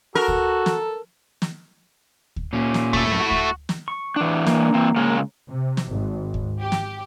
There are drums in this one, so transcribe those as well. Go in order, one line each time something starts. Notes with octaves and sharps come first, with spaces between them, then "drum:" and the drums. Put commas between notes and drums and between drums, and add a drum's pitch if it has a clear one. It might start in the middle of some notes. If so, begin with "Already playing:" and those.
F#4 A4 A#4
drum: kick D2
drum: snare
drum: snare
drum: kick D2
A#2 C#4
drum: snare
A3 E4, drum: kick D2
F#2 A2
F#4
drum: kick D2
drum: snare
C#6
E3 D4
A#3, drum: snare
E3 C4
C#3 G#3 A#4
C3
drum: snare
G#1
drum: kick D2
G4
drum: snare